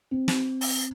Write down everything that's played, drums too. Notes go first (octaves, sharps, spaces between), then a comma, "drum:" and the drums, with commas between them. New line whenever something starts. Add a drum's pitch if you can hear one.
C4
drum: snare
drum: open hi-hat